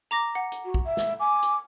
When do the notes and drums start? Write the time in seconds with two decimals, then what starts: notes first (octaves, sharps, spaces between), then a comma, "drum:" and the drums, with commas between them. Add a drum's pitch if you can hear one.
0.11 A#5 D6 A#6
0.35 F#5
0.52 drum: hi-hat
0.65 F#4
0.74 drum: kick
0.85 E5
0.97 drum: snare
1.20 G#5 D6
1.42 drum: hi-hat